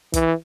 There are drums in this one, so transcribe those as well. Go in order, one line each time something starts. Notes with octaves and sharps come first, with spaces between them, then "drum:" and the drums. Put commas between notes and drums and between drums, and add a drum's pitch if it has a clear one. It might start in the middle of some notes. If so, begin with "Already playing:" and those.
E3, drum: kick, hi-hat